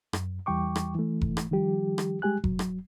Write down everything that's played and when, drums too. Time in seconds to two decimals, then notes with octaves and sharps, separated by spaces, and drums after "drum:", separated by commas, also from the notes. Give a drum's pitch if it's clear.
0.13 F#2, drum: rim click
0.46 E2 E3 G3 G5 C#6 D6
0.76 drum: rim click
0.95 E3 A3
1.21 drum: kick F1
1.37 drum: rim click
1.51 D#3 F3 G3 G4
1.98 drum: rim click
2.22 G3 G#3 G4 G#5 F#6
2.44 F#3, drum: kick F1
2.59 drum: rim click